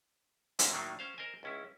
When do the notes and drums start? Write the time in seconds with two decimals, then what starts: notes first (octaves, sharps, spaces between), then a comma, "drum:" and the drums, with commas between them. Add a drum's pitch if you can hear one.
0.59 G#2 D3 A#3 E4 D#5, drum: hi-hat
0.72 A2 D#3 F#3 A#3 D4 D#4
0.99 C#4 C5 F5
1.18 A#4 C5 D#5 G#5
1.43 C#2 C#4 E4